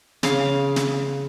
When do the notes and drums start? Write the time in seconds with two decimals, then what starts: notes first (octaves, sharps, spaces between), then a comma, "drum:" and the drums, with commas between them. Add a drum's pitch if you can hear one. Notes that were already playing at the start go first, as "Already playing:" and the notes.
0.23 C#3 F5, drum: snare
0.76 drum: snare